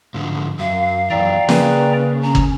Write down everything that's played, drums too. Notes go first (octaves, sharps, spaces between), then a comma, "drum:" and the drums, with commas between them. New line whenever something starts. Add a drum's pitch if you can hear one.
G#2 D3 F3
F#2 F5
F#2 E3 D5 G5 A#5
C#3 A#3 G#4 B4, drum: snare
C#4 A#5
drum: kick